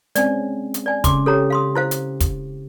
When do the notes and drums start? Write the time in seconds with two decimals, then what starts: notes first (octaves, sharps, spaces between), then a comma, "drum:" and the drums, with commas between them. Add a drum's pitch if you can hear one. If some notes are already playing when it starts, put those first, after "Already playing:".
0.15 G#3 C4 C#4 D5 G#5, drum: hi-hat
0.74 drum: hi-hat
0.86 D5 G#5
1.04 C#3 C6 D6, drum: kick, hi-hat
1.26 G4 A4 C#5 A#5
1.50 F5 C6 D#6
1.75 E4 C5 F5
1.91 drum: hi-hat
2.20 drum: kick, hi-hat